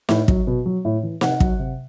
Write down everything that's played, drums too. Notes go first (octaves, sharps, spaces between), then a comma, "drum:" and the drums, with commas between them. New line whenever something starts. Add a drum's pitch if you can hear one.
A2, drum: snare
F#3, drum: kick
B2
F#3
A2
E3
C3 F#5, drum: snare
F#3, drum: kick
C3